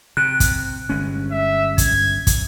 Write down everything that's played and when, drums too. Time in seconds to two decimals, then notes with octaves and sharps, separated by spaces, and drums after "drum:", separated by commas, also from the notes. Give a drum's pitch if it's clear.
0.17 C3 F#6
0.40 drum: kick, hi-hat
0.89 G1 G#3 C#4
1.31 E5
1.78 G#6, drum: kick, hi-hat
2.27 drum: kick, hi-hat